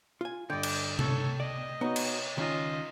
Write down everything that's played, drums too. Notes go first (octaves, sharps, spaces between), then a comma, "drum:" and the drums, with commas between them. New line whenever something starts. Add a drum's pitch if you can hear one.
F4 G#5
G2 D3 D5 D#5 G5
drum: cymbal
A4 C#5, drum: tom C3
D5 D#5
B3 D#4 F#4 C#5 F#5
drum: cymbal
C#2 D#3 C#4 F4 D#5